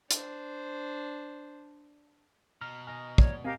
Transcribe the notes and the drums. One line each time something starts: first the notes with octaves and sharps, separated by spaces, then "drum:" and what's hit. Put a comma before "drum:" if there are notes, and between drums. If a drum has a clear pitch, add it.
D4 C5, drum: hi-hat
B2 A#5 F6
D#5 G#5 A#5 F6
C#5 D5, drum: kick
C4 G4 A#4 D#5 F5 G#5